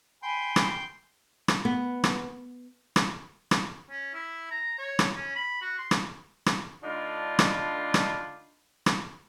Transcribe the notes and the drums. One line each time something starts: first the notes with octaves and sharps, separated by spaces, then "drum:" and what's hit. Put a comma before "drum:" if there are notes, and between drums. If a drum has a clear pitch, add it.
G5 G#5 B5 C6
drum: rim click
drum: rim click
B3
drum: rim click
drum: rim click
drum: rim click
C#4
E4
A#5
C#5
drum: rim click
C#4
B5
F#4
C6
drum: rim click
drum: rim click
D3 A3 D4 D#4 F4 B5
drum: rim click
drum: rim click
drum: rim click